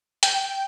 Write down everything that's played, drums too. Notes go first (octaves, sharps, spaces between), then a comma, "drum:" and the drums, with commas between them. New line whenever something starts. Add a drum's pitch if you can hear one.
G5, drum: hi-hat